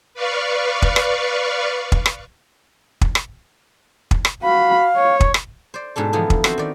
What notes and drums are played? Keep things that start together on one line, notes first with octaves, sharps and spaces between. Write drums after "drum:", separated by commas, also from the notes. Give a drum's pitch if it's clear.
B4 D5 F5 C#6
drum: kick
drum: rim click
drum: kick
drum: rim click
drum: kick
drum: rim click
drum: kick
drum: rim click
F#4 F5 B5
C#5
drum: kick
drum: rim click
C5 D5
G#2 B2 D4 A4
D3 E3 F3 B3 D#4
drum: kick
B3 C4 F#4 B4 C5 E5, drum: rim click
D#3 D5